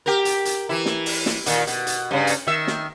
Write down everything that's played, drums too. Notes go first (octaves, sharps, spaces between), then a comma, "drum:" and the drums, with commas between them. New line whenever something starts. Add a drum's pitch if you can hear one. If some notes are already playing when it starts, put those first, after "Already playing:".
G4 A#4
drum: hi-hat
drum: hi-hat
E3 E4
drum: snare
drum: open hi-hat
drum: snare
A#2 D#3, drum: hi-hat
B2, drum: hi-hat
drum: hi-hat
G2 C#3
drum: hi-hat
D#3 E5
drum: snare